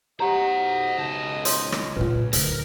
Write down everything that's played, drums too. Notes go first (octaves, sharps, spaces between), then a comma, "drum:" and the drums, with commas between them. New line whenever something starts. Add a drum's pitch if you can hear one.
B1 G4 C5 D#5 F#5 A#5
C#2 A5
C#5 C6 D#6, drum: hi-hat
drum: rim click
A#2 F4 B4
D1 D3 A#4, drum: hi-hat